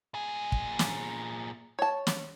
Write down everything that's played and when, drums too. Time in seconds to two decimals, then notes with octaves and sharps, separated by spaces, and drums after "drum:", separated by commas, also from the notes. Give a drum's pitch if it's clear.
0.14 A#2 G#4
0.52 drum: kick
0.79 drum: snare
1.79 C#5 A5
2.07 drum: snare